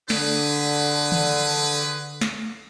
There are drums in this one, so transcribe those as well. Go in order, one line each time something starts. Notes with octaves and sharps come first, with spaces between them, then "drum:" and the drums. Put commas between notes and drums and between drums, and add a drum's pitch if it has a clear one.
D3 G4 G#4 B4, drum: snare
drum: tom D#3
drum: snare